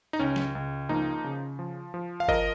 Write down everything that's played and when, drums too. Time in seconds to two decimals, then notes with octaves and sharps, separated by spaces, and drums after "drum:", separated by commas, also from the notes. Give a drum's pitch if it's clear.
0.13 D#4
0.19 C#2 C#4
0.36 drum: snare
0.55 C#2
0.89 F3 A#3 D#4
1.24 C#3
1.59 F3
1.94 F3
2.20 F5
2.28 F3 A#4 D#5, drum: kick G1